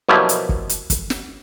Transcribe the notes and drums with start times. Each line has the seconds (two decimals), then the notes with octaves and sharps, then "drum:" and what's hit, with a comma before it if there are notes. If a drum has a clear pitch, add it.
0.09 B2 F3 F#3 A#3 E4 G4
0.29 drum: hi-hat
0.49 drum: kick
0.69 drum: hi-hat
0.90 drum: kick, hi-hat
1.10 drum: snare